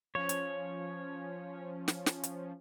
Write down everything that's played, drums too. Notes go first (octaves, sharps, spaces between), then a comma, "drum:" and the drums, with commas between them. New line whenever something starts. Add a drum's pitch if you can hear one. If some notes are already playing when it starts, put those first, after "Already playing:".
F3 C#4 C#5
drum: hi-hat
drum: snare
drum: snare
drum: hi-hat